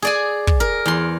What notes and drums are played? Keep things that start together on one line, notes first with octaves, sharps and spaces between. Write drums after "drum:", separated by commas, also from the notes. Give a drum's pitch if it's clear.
G#4 D5 G#5
drum: kick
A#4
E2 C6